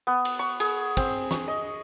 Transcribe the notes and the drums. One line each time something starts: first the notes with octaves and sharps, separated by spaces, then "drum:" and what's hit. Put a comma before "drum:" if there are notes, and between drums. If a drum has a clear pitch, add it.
B3
drum: cymbal
C#6
G#4, drum: cymbal
C4, drum: kick, cymbal
C#6, drum: snare
D#5